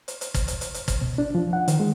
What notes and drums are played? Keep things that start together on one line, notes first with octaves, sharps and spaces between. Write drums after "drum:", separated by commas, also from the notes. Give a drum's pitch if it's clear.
drum: hi-hat
drum: hi-hat
drum: kick, hi-hat
drum: hi-hat
drum: hi-hat
drum: hi-hat
drum: kick, hi-hat
B2
D4
F3
F#5
D#3, drum: hi-hat
G#3